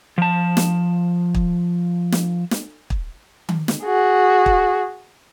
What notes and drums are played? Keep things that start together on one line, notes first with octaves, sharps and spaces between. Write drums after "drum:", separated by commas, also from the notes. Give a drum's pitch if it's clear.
F3 A5
drum: snare
drum: kick
drum: snare
drum: snare
drum: kick
drum: tom D#3
drum: snare
F#4 G#4
drum: kick